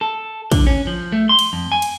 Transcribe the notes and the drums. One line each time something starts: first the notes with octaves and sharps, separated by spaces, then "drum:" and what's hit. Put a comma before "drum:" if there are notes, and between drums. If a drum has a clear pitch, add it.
A4
D3, drum: kick, cymbal
C#4
F3
A3
C6
drum: cymbal
F2
G#5
drum: cymbal